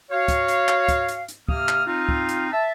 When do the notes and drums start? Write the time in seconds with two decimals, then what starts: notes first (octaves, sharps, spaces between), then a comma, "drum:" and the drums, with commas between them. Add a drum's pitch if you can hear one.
0.11 F#4 C#5 F5
0.28 drum: kick, hi-hat
0.48 drum: hi-hat
0.68 drum: clap
0.88 drum: kick, hi-hat
1.08 drum: hi-hat
1.29 drum: hi-hat
1.49 C3 A#3 D#6 F6, drum: kick
1.69 drum: clap
1.87 C4 D#4 F4
2.09 drum: kick
2.29 drum: hi-hat
2.52 E5 A5